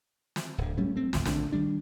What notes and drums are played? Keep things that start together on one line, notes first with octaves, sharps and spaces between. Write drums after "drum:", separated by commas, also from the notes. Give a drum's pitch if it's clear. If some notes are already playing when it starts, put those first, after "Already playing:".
drum: snare
D1 D3
F#3 G3 A3 C#4
A3 C4
G#1 D2 A#2, drum: snare
A#1 D3 A3 D4, drum: snare
D#3 G3 D4